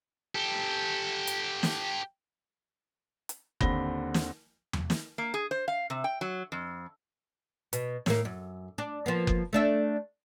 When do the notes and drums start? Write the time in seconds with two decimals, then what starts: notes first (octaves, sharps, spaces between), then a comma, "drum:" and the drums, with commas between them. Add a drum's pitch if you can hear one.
0.35 G4 A4
1.27 drum: hi-hat
1.63 drum: snare
3.29 drum: hi-hat
3.61 D#2 D3 C4 B5 A#6 G7, drum: kick F#1
4.14 drum: snare
4.73 drum: tom E2
4.90 drum: snare
5.18 A#3
5.34 G#4
5.51 C5
5.68 F5
5.90 C3
6.04 G5
6.21 F#3
6.52 F2
7.73 B2, drum: hi-hat
8.06 A2 A#3, drum: snare
8.25 F#2
8.78 D4
9.06 F3 A#3 B3
9.27 drum: kick F#1
9.53 A3 D4 E5